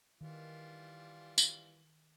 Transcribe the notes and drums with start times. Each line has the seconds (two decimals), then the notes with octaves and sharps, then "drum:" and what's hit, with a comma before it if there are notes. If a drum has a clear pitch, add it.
0.21 D#3 E3 G3 F4
1.38 drum: tambourine